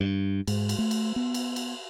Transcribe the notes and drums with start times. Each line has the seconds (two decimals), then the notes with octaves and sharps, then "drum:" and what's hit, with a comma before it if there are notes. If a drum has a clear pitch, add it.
0.01 G2
0.47 G#2, drum: cymbal
0.69 drum: cymbal
0.79 A3
0.91 drum: cymbal
1.16 B3
1.34 drum: cymbal
1.56 drum: cymbal